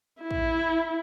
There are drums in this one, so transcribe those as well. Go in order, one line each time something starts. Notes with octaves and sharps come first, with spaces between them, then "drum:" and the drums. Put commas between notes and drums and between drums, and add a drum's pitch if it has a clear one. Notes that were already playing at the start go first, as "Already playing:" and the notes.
E4
drum: kick